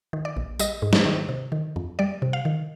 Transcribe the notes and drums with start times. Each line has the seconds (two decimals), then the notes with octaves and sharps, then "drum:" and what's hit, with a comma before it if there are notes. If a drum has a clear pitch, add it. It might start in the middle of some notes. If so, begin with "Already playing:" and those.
0.13 D#3
0.25 D5
0.37 A#1
0.59 G3 D#5, drum: tambourine
0.82 G#2
0.93 drum: snare
1.06 D#3
1.29 C3
1.52 D#3
1.76 F2
1.99 G3 D5
2.22 C3
2.33 F5
2.45 D#3